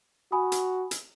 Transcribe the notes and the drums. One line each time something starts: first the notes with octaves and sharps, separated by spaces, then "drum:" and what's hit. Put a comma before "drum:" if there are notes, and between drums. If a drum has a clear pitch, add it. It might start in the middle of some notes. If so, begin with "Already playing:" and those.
F#4 G#5 B5 D#6
drum: hi-hat
drum: hi-hat